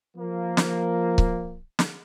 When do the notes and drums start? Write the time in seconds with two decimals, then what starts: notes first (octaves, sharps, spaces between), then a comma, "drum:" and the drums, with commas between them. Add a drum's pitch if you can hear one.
0.17 F3 A#3
0.57 drum: snare
1.18 drum: kick C#1
1.79 drum: snare